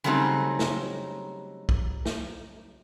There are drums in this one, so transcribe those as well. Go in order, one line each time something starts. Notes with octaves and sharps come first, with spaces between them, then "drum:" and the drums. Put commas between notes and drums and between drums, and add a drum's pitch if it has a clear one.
C#3 F#3 G3 A3 C4 D#4
drum: snare
drum: kick
drum: snare